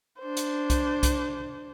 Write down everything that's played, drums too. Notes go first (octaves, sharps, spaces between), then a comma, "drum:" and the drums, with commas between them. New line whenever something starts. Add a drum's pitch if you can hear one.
D4 C5
drum: hi-hat
drum: kick C2, hi-hat
drum: kick C2, hi-hat